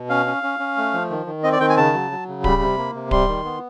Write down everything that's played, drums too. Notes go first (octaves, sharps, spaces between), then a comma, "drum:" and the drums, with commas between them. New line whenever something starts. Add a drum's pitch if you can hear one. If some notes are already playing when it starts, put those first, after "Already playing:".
Already playing: B2
C#4 F5
C#4
C#4
C#4
A3
F3
D#3
D#3
C4 D#5
D5
D#3 G5
G#5
C#3 A5
F#3
F#3
C#3
G3 B5, drum: kick D1
C3
A#3
C3
G3 C6, drum: kick D1
D#3
B3